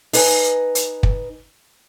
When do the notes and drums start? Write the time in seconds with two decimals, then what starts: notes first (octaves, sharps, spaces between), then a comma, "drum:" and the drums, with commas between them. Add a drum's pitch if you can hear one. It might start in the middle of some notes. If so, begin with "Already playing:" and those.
0.13 D#4 B4 G#5, drum: open hi-hat
0.75 drum: hi-hat
1.03 drum: kick